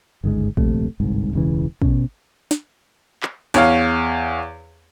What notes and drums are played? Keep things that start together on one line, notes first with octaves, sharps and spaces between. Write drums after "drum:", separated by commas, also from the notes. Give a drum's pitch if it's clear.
G1 C#2 G#2 G#3
D#1 A#1 C3 A3, drum: kick
G1 C2 G#2
E1 C#2 C#3 E3
B2 C#4, drum: kick
drum: snare
drum: clap
E2 C#5 F5, drum: snare